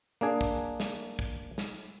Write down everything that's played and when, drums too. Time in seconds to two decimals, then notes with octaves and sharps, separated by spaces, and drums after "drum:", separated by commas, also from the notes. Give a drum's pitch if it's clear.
0.21 A#3 D4 G#4
0.41 drum: kick
0.80 drum: snare
1.19 drum: kick
1.58 drum: snare